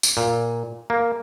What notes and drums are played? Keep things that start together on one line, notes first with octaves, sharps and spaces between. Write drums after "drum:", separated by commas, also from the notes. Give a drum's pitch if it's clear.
drum: tambourine
A#2
A#3